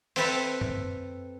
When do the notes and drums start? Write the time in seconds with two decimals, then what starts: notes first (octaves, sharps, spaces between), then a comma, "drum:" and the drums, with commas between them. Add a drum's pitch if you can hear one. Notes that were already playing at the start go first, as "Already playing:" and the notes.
0.16 C4 A4 B4 E5, drum: open hi-hat
0.61 drum: tom F#2